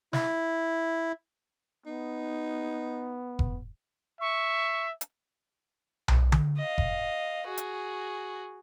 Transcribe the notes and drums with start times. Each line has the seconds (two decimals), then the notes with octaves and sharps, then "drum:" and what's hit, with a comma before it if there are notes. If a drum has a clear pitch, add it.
0.13 E4, drum: snare
1.86 B3 D#4
3.39 drum: kick F1
4.21 E5 C#6
5.01 drum: hi-hat
6.08 drum: tom B1
6.32 drum: tom D3
6.57 D#5 F5
6.78 drum: kick F1
7.47 F#4 G#4
7.57 drum: hi-hat